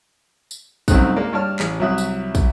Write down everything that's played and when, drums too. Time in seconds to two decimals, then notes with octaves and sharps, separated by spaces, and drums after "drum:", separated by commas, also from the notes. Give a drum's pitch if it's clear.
0.51 drum: tambourine
0.88 C2 F#2 A3 C4 D#4 F#6, drum: kick, tambourine
1.16 G#3 A#3 D5
1.32 G2 C#5 D5 A5 F6
1.59 A1 G#4, drum: clap
1.80 C2 F#3 E5 D#6 F#6
1.98 drum: tambourine
2.35 drum: kick, tambourine